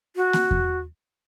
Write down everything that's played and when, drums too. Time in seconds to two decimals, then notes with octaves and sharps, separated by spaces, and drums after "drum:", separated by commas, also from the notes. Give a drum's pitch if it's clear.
0.16 F#4
0.33 drum: snare A#3
0.51 drum: kick E2